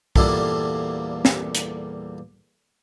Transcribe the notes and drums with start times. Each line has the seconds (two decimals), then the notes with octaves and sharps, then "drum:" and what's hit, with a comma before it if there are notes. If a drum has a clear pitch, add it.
0.16 E2 A#2 G3 E4 F4 A4, drum: kick
1.25 drum: snare
1.55 drum: hi-hat